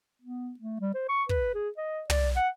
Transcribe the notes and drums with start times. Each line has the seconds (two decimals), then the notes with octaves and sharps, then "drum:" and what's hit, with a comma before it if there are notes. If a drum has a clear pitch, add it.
0.22 B3
0.60 A3
0.81 G3
0.94 C5
1.09 C#6
1.29 B4, drum: kick
1.55 G#4
1.78 D#5
2.10 D5, drum: tom
2.36 F#5